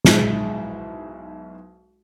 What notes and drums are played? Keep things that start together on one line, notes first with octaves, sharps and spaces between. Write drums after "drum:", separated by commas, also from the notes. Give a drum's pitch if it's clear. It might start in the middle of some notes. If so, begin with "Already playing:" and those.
B1 G#2 G#3 E4, drum: snare